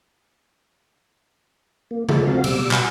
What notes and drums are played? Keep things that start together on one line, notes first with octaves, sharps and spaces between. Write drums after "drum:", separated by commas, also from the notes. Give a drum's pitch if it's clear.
A#3
F3 G#3 A3, drum: tom C#3
C4 F#4 F5
B2 G3 D6 E6, drum: cymbal
F#4, drum: clap